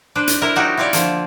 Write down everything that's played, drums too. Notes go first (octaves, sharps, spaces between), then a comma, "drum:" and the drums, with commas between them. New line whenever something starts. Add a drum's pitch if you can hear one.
D4 B4 C5 D5
drum: hi-hat
E4 A#4 C5
F#3 A3 D#4 E4 F#4 G4
E4 F4 G4 C#5 D5
D3 F3 A#3, drum: hi-hat